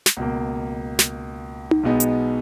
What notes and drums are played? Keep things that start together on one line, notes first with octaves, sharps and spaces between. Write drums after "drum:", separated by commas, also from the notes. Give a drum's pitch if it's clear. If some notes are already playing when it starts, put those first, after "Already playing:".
drum: snare
C#2 B2 A#3
drum: snare
drum: tom D#4
B1 B2 G#3 B3 D#4
drum: hi-hat